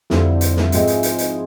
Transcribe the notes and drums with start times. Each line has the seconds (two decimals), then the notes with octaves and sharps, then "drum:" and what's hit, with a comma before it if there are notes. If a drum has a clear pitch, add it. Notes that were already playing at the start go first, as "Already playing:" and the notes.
0.10 F2 D3 G3 C4 E4, drum: snare
0.41 drum: hi-hat
0.56 drum: snare
0.72 G#2 F3 G#3 C4 E4, drum: hi-hat
0.87 drum: hi-hat
1.03 drum: hi-hat
1.18 drum: hi-hat